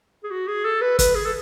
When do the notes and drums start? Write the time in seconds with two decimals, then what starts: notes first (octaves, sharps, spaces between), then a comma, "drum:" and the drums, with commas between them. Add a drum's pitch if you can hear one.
0.24 G#4
0.31 F#4
0.48 G#4
0.65 A4
0.81 B4
0.99 B4, drum: kick, hi-hat
1.15 G#4
1.26 A4